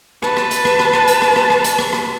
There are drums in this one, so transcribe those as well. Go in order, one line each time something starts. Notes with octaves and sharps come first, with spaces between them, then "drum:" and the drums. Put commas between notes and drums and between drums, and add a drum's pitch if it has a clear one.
B4 A5, drum: rim click
drum: rim click
drum: hi-hat
drum: rim click
drum: rim click
drum: rim click
drum: hi-hat
drum: rim click
drum: rim click
drum: rim click
drum: hi-hat
drum: rim click
drum: rim click